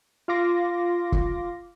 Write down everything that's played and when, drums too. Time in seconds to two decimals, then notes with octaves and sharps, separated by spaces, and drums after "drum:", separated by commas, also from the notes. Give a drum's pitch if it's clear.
0.28 F4 F5 C6 D6 A#6
1.12 drum: kick